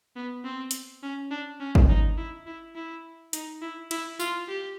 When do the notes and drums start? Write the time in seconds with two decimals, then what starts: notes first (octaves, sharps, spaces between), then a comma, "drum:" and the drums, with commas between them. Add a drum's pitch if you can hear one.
0.16 B3
0.45 C4
0.71 drum: hi-hat
1.03 C#4
1.31 D4
1.60 C#4
1.75 drum: kick
1.89 D#4
2.18 E4
2.47 E4
2.76 E4
3.33 D#4, drum: hi-hat
3.62 E4
3.91 E4, drum: cymbal
4.20 F4, drum: tambourine
4.48 G4